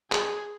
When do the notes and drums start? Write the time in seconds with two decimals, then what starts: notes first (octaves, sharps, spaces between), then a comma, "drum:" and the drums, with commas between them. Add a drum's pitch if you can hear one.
0.12 G#4, drum: clap